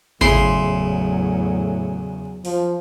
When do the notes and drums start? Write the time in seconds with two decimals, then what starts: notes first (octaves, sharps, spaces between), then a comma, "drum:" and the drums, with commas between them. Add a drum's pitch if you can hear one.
0.21 E2 A2 C#3 F#3 E4 C6, drum: kick G#1
2.45 F3, drum: open hi-hat